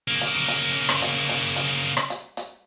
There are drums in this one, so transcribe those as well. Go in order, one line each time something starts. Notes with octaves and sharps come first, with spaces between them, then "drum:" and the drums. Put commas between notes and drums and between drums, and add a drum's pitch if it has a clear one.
C#3 A#3
drum: hi-hat
drum: hi-hat
drum: rim click
drum: hi-hat
drum: hi-hat
drum: hi-hat
drum: rim click
drum: hi-hat
drum: hi-hat